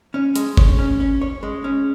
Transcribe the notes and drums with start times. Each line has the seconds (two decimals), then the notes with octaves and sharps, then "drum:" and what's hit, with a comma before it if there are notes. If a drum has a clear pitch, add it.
0.14 C#4
0.36 G#3, drum: hi-hat
0.57 C#5, drum: kick
0.79 C#4
1.00 C#4
1.21 C#5
1.43 G#3
1.64 C#4